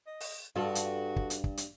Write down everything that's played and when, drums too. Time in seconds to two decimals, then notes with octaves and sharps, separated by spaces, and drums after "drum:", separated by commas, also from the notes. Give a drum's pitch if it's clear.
0.07 D#5
0.20 drum: open hi-hat
0.56 G2 F4 F#4 A4
0.75 drum: hi-hat
1.16 drum: kick
1.30 drum: hi-hat
1.44 drum: kick
1.57 drum: hi-hat